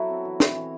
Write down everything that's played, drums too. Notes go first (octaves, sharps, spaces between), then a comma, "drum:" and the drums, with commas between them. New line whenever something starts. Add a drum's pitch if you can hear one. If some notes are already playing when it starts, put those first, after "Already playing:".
Already playing: F#3 E4 F#4 A4
C4
E3
C4, drum: snare
E3